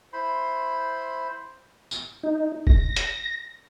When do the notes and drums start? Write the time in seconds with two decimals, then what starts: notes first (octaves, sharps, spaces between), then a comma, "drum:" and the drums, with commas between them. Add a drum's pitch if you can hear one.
0.13 E4 C5 B5 C6
1.91 drum: tambourine
2.23 D#4
2.67 A#6, drum: kick F1
2.96 drum: hi-hat